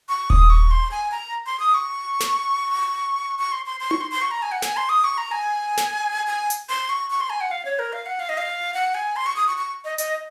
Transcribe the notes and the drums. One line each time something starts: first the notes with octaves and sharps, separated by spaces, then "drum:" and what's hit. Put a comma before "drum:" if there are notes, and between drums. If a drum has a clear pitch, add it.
C#6
D#6, drum: kick D#1
C#6
C6
G#5
A#5
C6
D#6
C#6
drum: snare
C#6
C6
C6
C6
C#6, drum: tom D#4
C6
C6
C#6
A#5
G#5
F#5
G#5, drum: snare
C6
D#6
C#6
A#5
G#5
drum: snare
G#5
drum: hi-hat
C6
C#6
C#6
C6
G#5
F#5
F5
C#5
A#4
F5
F#5
F5
D#5
F5
F#5
G#5
C6
C#6
D#6
C#6
C#6
D#5
D#5, drum: hi-hat